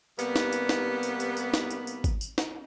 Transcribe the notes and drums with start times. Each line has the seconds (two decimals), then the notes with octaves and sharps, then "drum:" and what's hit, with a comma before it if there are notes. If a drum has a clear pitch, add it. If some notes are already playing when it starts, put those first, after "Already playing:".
0.19 C3 G3 A#3 B3, drum: tambourine
0.36 drum: snare
0.52 drum: tambourine
0.69 drum: snare
1.03 drum: tambourine
1.20 drum: tambourine
1.37 drum: tambourine
1.54 drum: snare
1.70 drum: tambourine
1.87 drum: tambourine
2.04 drum: kick G#1, tambourine
2.21 drum: tambourine
2.38 drum: snare